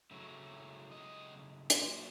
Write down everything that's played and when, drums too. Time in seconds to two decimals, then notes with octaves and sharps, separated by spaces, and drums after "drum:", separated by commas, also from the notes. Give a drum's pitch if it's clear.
0.11 C#3 F#3 A3
0.92 D#5
1.70 A#2 F#3 A3 C5, drum: hi-hat